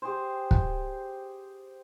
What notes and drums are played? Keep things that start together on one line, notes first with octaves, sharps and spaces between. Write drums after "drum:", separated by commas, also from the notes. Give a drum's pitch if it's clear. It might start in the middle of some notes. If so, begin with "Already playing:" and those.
G4 G#4 C5
drum: kick